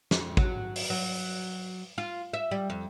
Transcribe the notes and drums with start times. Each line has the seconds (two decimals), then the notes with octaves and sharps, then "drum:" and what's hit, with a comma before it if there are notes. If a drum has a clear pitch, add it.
0.11 F2, drum: snare
0.37 F#3, drum: kick
0.76 drum: open hi-hat
0.90 F#3
1.98 F4
2.33 E5
2.51 G3
2.70 F2